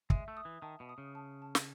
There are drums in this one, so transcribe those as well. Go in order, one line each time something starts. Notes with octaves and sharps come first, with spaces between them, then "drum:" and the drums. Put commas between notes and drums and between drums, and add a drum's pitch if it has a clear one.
G#3 E5, drum: kick
A3
D#6
E3
D#3 A5
B2
D#6
C#3
A5
A5
drum: snare